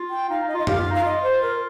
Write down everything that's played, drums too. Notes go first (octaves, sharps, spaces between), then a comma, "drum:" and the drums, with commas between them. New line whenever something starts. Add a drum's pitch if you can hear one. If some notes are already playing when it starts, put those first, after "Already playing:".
Already playing: F4
G5
D#4 F5
D#4
D#5
F4
D#5
G4 F5, drum: tom F#2
F4
D#4 F5
F4 D#5
C5
A#4